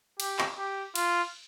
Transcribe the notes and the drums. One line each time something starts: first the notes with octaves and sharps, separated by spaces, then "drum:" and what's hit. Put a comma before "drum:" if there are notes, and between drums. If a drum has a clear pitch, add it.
G4, drum: cymbal
drum: clap
G4
F4, drum: cymbal